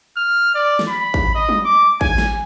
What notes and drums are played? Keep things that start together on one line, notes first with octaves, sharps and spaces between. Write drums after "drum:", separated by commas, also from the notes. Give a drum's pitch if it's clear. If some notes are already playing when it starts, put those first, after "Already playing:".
F6
D5
drum: snare
B5
drum: kick G#1
D#5
drum: tom
D6
G#5, drum: kick G#1
drum: snare